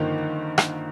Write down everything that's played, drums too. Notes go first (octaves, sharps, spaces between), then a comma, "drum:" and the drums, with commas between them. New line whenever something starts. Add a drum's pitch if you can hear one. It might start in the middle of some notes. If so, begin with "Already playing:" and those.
Already playing: G1 G2 D3 D#3 F3 A#3
drum: rim click